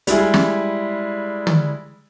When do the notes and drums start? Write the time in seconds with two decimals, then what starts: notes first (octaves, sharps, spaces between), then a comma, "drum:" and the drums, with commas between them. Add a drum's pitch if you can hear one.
0.07 G3 G#3 E4 G#4, drum: hi-hat
0.34 drum: snare
1.47 drum: tom